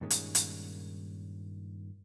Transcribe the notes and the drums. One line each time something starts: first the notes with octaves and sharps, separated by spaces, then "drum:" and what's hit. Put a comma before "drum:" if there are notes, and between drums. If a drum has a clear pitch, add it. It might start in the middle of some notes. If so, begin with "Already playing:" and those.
G2 A#2 D#3 G#3 C#4
drum: hi-hat
drum: hi-hat